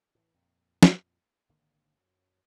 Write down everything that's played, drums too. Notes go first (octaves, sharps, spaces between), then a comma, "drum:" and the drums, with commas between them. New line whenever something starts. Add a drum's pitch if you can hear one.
A2 E3
F2 A#2
drum: snare
G#1 D3 D#3 A#3
F#2